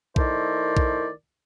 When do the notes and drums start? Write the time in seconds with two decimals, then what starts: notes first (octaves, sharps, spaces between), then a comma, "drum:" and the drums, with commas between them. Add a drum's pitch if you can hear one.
0.16 D#3 A3 E4 A#4 C5 D5, drum: kick B1
0.77 drum: kick B1